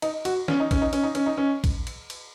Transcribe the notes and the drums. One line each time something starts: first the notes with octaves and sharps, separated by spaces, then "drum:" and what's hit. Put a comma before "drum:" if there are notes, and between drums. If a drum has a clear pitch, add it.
D#4, drum: cymbal
F#4, drum: cymbal
C#4, drum: snare
D#4
C#4, drum: kick, cymbal
D#4
C#4, drum: cymbal
D#4
C#4, drum: cymbal
D#4
C#4
drum: kick, cymbal
drum: cymbal
drum: cymbal